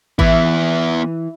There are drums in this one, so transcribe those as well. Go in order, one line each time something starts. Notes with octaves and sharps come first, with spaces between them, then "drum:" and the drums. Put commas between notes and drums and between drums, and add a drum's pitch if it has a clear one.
E3 B3 E4, drum: kick A1